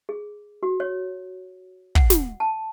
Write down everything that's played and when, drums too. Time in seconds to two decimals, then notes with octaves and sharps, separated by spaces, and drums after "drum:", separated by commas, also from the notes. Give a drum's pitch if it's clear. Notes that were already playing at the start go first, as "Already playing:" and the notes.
0.09 G#4
0.63 F#4
0.80 C#5
1.95 F#5, drum: kick
2.10 drum: snare
2.40 A5